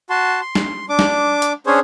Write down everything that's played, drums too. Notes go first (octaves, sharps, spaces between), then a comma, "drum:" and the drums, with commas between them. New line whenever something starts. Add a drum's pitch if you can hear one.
F#4 A5 C6
C6
drum: snare
D4 D6
drum: snare
drum: hi-hat
C#4 D4 G#4 C5 C#5